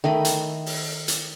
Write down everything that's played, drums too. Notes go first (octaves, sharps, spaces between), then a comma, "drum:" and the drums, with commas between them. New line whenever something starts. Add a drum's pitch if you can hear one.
D#3 A3 D#5 B5
drum: hi-hat
drum: open hi-hat
drum: hi-hat